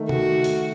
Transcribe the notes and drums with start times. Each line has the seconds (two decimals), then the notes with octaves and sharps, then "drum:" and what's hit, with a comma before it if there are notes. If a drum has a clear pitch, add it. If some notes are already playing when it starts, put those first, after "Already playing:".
Already playing: D#3 A3 D#4
0.09 F#4, drum: tom
0.44 drum: open hi-hat